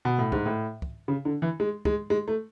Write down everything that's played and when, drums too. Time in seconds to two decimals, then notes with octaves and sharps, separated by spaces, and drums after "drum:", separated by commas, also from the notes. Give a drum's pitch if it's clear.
0.05 B2
0.18 A2
0.32 G#2, drum: kick
0.46 A2
0.82 drum: kick
1.08 C#3
1.25 D3
1.42 E3
1.60 G#3
1.85 G#3, drum: kick
2.10 G#3
2.28 A3